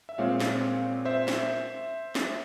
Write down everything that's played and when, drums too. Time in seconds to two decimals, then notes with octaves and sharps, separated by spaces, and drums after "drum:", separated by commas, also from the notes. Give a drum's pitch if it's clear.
0.09 E5
0.18 A#2 G#3 C4 C#5 F5
0.40 drum: snare
1.05 C5 E5
1.28 drum: snare
2.15 drum: snare